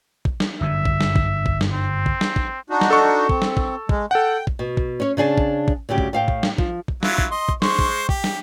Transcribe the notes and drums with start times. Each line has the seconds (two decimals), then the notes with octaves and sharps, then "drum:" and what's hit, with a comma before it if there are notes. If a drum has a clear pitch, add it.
0.25 drum: kick
0.40 drum: snare
0.61 G1 F#2 D3 E5
0.85 drum: kick
1.01 drum: snare
1.16 drum: kick
1.46 drum: kick
1.61 drum: snare
1.72 C4
2.06 drum: kick
2.21 drum: snare
2.36 drum: kick
2.70 D4 D#4 F#4
2.81 drum: snare
2.90 A4 C#6
3.29 C4, drum: kick
3.42 drum: snare
3.57 drum: kick
3.89 G#3, drum: kick
4.11 A4 F#5 G5
4.47 drum: kick
4.59 B2
4.77 drum: kick
5.00 C#4 C#5
5.17 C#3 D4 G#4 A5
5.38 drum: kick
5.68 drum: kick
5.89 D2 G2 C#3 G4
5.98 drum: kick
6.13 A2 F5 G5
6.28 drum: kick
6.43 drum: snare
6.58 F3, drum: kick
6.88 drum: kick
7.03 F#3 E4 F4, drum: snare
7.18 drum: kick
7.31 D#5 C6
7.49 drum: kick
7.62 G#3 C5 C#6, drum: snare
7.79 drum: kick
8.09 G4, drum: kick
8.24 drum: snare